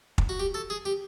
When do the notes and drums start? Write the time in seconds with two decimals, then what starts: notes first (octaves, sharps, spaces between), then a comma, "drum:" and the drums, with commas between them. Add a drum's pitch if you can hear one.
0.18 drum: kick
0.29 F#4
0.40 G4
0.54 A4
0.70 G#4
0.86 G4